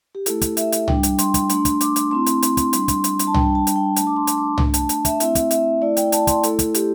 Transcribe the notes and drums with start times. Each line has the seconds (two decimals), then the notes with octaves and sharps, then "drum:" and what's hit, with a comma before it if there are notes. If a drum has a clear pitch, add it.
0.15 G4
0.26 A3 E4 A4, drum: hi-hat
0.41 drum: kick, hi-hat
0.57 E5, drum: hi-hat
0.72 drum: hi-hat
0.88 G3 D4 G5, drum: tom C2
1.03 drum: hi-hat
1.18 C6, drum: hi-hat
1.34 drum: kick, hi-hat
1.49 A3 D4 C6, drum: hi-hat
1.65 drum: kick, hi-hat
1.81 D6, drum: hi-hat
1.96 drum: hi-hat
2.11 A3 C4 E4 C6
2.26 C6, drum: hi-hat
2.42 C6, drum: hi-hat
2.57 C6, drum: kick, hi-hat
2.73 G3 D4 C6, drum: hi-hat
2.88 C6, drum: kick, hi-hat
3.04 drum: hi-hat
3.19 C6, drum: hi-hat
3.27 A5
3.34 G3 D4 G5, drum: tom C2
3.55 A5
3.67 A5, drum: hi-hat
3.76 G5
3.96 A3 D4 A5, drum: hi-hat
4.07 D6
4.16 C6
4.27 drum: hi-hat
4.38 D6
4.58 A3 D4, drum: tom C2
4.74 A5, drum: hi-hat
4.89 A5, drum: hi-hat
5.05 E5, drum: kick, hi-hat
5.20 A3 C4 E4 E5, drum: hi-hat
5.35 drum: kick, hi-hat
5.51 E5, drum: hi-hat
5.82 A3 E4 D5
5.97 G5, drum: hi-hat
6.12 A5, drum: hi-hat
6.27 C6, drum: kick, hi-hat
6.43 A3 E4 A4, drum: hi-hat
6.59 drum: kick, hi-hat
6.74 G4, drum: hi-hat